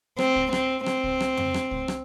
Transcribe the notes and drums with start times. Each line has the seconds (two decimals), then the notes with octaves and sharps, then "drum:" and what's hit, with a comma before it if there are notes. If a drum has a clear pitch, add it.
0.19 C4, drum: rim click
0.36 drum: kick C2
0.53 C4, drum: rim click
0.86 C4, drum: rim click
1.04 drum: kick C2
1.20 drum: rim click
1.37 drum: tom F2
1.54 drum: rim click
1.71 drum: kick C2
1.88 drum: rim click